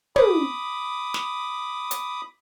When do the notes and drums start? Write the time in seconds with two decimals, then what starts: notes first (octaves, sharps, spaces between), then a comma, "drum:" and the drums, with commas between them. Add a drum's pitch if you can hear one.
0.16 B5 D6 D#6, drum: tom
1.14 drum: snare
1.91 drum: hi-hat